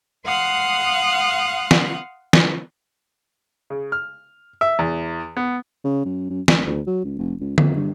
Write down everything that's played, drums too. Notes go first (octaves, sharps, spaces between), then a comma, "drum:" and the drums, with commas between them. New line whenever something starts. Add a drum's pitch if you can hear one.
F5 F#5 C6 D#6 F6 F#6
drum: snare
drum: snare
C#3
F6
E5
E2
B3
C#3
F#2
F#2
F1, drum: snare
D2
F#3
C#2
F1
C#2
F2, drum: tom D3
G2